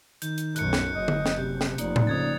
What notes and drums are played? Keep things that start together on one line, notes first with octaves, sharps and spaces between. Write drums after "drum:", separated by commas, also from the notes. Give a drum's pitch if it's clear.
D#3 G6, drum: hi-hat
drum: hi-hat
B1 F#2 F#6 C#7, drum: hi-hat
drum: snare
F#1 D#5
drum: tom D3
drum: snare
C3 G4
drum: snare
F1 A#3 D#4 D5, drum: hi-hat
drum: tom A2
F2 C#3 D#6 G#6 A6